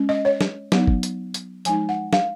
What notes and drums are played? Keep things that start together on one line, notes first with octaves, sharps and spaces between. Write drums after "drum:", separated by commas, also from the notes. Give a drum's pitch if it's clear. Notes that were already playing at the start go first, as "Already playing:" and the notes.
Already playing: G#3 C#4
D#5
C#5
drum: snare
F#3 B3 D#4, drum: snare
drum: kick
drum: hi-hat
drum: hi-hat
F3 G#3 D#4 G#5, drum: hi-hat
F#5
F5, drum: snare